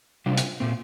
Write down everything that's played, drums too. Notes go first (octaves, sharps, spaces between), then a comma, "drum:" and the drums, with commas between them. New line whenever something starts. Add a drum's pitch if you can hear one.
C3 G3 D4 F4
drum: hi-hat
A#2 A3 C4